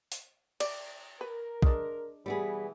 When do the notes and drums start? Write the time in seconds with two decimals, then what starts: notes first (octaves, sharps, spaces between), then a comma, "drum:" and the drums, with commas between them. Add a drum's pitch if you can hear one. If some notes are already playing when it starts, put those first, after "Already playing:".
0.12 drum: open hi-hat
0.60 D5, drum: cymbal
1.21 A#4 B4
1.62 G#3 D4, drum: kick
2.26 B2 E3 G3 B3 G#4